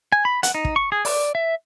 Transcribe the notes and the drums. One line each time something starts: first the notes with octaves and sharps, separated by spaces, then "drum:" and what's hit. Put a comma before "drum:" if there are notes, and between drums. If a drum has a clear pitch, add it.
G#5
B5
F#5, drum: hi-hat
D#4
drum: kick
C#6
G#4
D5, drum: open hi-hat
E5